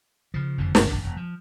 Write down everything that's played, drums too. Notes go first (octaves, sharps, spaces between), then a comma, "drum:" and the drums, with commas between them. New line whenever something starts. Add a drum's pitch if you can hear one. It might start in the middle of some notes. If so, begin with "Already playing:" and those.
C#3 F3
F#1 F2 D3 F3
G1 B2, drum: snare
E1 C2 D#3 D4
E1
F3